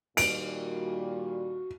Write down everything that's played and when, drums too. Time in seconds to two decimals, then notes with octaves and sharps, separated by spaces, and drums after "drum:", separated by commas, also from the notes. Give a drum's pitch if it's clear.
0.17 A#2 D#3 G3 F#4 D7, drum: cymbal